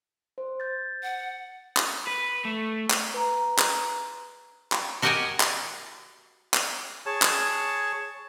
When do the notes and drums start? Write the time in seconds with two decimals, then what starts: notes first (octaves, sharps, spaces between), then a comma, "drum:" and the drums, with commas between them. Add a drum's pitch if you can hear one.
0.38 C5
0.60 G6 A6
1.03 F#5
1.77 drum: clap
2.07 B4
2.45 A3
2.90 drum: clap
3.14 B4 A#5
3.59 drum: clap
4.72 drum: clap
5.02 F#4 G4 A#4 D#5 F#5 G#5
5.40 drum: clap
6.54 drum: clap
7.06 G#4 C#5 A5
7.22 drum: clap